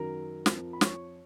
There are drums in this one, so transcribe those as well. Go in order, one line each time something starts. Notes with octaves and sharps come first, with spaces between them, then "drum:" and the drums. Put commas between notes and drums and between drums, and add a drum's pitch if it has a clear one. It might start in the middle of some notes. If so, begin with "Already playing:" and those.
Already playing: F#2 D#3 F#3 A#4 A#5
F2 F3, drum: snare
B5
C#5 C#6, drum: snare